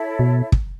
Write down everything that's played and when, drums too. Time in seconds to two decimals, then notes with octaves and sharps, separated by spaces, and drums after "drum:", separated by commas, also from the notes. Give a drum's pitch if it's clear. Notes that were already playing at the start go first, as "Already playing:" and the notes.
Already playing: E4 A4 C#5 E5
0.19 B2
0.52 drum: kick